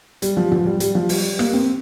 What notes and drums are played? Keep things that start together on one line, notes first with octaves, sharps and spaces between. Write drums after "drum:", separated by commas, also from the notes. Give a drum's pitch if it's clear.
G3, drum: hi-hat
F3
F3, drum: tom
G3
G3, drum: hi-hat
F3
G3, drum: open hi-hat
A#3, drum: rim click
C4